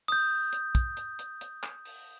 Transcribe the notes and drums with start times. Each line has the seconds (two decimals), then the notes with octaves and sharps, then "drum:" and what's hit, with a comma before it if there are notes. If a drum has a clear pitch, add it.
0.08 D#6 G6, drum: open hi-hat
0.53 drum: hi-hat
0.75 drum: kick, hi-hat
0.97 drum: hi-hat
1.19 drum: hi-hat
1.41 drum: hi-hat
1.63 drum: clap
1.85 drum: open hi-hat